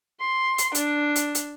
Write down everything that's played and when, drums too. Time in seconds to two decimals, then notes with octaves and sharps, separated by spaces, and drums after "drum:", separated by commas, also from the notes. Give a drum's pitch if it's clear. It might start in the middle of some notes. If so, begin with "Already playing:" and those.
0.20 C6
0.58 drum: hi-hat
0.75 D4, drum: hi-hat
1.16 drum: hi-hat
1.35 drum: hi-hat